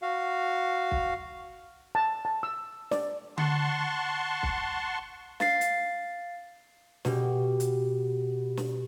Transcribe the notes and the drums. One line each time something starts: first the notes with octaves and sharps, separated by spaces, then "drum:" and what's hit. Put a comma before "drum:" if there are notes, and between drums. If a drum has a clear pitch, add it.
F#4 F5
drum: kick B1
A5
A5
E6
D5, drum: snare
F#5 A5 C6 C#6, drum: tom D3
drum: kick B1
F5 A6 C7, drum: snare
drum: hi-hat
B2 G4, drum: snare
drum: hi-hat
drum: snare